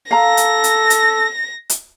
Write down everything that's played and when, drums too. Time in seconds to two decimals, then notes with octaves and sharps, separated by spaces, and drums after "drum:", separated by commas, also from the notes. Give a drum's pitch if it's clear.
0.11 A4 F5 A#5 A#6
0.37 drum: hi-hat
0.64 drum: hi-hat
0.90 drum: hi-hat
1.69 drum: hi-hat